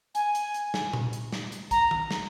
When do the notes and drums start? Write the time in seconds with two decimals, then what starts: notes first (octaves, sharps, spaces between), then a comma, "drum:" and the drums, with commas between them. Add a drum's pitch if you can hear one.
0.15 G#5, drum: hi-hat
0.35 drum: hi-hat
0.54 drum: hi-hat
0.74 drum: snare
0.93 drum: tom A#2
1.13 drum: hi-hat
1.32 drum: snare
1.52 drum: hi-hat
1.71 A#5, drum: kick, hi-hat
1.91 drum: tom D#3
2.11 drum: snare